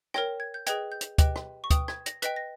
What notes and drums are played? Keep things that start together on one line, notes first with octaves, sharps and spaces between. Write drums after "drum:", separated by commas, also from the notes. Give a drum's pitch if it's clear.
A#4 C#5 G5 A#6, drum: rim click
G#6
G6
G#4 B4 D#5 G5 G#6, drum: hi-hat
G6
drum: hi-hat
G4 B4 D#5 G5, drum: kick, hi-hat
drum: rim click
C#6
B4 G5 D#6, drum: kick, hi-hat
G#6, drum: rim click
A#6, drum: hi-hat
B4 D#5 G5 B6, drum: hi-hat
A#6